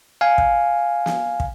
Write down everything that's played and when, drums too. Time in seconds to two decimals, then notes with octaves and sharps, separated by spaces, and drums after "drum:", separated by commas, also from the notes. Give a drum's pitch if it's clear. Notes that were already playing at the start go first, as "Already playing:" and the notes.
0.21 F5 G#5
0.38 drum: kick
1.06 drum: snare
1.40 drum: kick